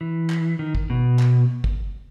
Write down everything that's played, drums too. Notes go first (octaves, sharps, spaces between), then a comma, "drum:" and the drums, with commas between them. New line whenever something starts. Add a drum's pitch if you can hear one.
E3
drum: clap
D#3
drum: kick
B2
drum: clap
drum: kick